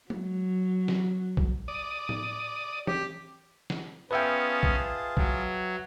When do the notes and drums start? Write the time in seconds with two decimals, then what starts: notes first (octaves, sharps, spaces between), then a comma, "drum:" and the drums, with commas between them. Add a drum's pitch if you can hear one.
0.10 F#3, drum: tom G#3
0.88 drum: snare
1.37 drum: kick A#1
1.68 D5 D#6
2.09 drum: tom
2.87 G4, drum: tom E3
3.70 drum: snare
4.11 B3 C#4 F4 G#4 B4 E5 G5 A5
4.63 drum: kick A#1
5.17 F#3, drum: kick A#1